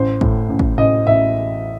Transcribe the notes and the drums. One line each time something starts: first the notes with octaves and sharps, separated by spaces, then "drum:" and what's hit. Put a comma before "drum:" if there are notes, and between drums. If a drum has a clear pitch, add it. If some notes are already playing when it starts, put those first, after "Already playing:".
Already playing: A1 C5
A2, drum: kick
A1
drum: kick
A1 D#5
A1 E5